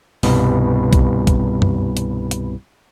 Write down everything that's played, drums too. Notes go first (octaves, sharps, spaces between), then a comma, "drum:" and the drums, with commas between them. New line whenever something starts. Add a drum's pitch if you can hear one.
C2 G2 B2, drum: open hi-hat
drum: kick, hi-hat
drum: kick, hi-hat
drum: tom F#2
drum: hi-hat
drum: hi-hat